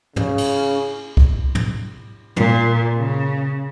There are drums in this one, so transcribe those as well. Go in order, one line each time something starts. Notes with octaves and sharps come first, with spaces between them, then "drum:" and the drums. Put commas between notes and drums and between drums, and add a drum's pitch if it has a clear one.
C#3 C#4, drum: tom
drum: cymbal
drum: kick
drum: tom
A#2, drum: tom
C#3